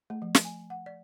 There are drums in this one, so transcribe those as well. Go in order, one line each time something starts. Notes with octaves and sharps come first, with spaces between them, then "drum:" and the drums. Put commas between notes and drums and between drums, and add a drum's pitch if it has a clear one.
A3
F3
drum: snare
G#5
F#5
D5